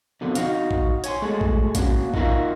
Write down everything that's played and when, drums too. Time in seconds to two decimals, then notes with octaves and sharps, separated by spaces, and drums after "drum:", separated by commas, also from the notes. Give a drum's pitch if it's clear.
0.21 F2 B2 D3 F3
0.35 D#4 F#4 F5, drum: hi-hat
0.71 drum: kick
1.04 C#5 G#5 C6, drum: hi-hat
1.22 G#3 A3 F#4 G#4 A4
1.41 drum: kick
1.75 A#3 C#4 F4 F#4, drum: kick, hi-hat
2.14 D#4 F4 F#4 A#4 E5 F5, drum: kick